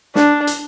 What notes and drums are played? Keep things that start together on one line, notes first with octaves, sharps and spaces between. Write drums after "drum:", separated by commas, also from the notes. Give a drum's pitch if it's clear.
D4, drum: snare
drum: hi-hat